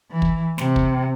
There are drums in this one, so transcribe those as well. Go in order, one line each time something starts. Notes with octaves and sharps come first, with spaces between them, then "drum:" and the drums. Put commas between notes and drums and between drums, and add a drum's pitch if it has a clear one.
E3
drum: kick
C3, drum: snare
drum: kick